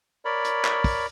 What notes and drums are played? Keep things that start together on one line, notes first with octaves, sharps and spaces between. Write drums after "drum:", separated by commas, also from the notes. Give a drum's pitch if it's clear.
A#4 C#5 D5 B5
drum: hi-hat
drum: clap
drum: kick, open hi-hat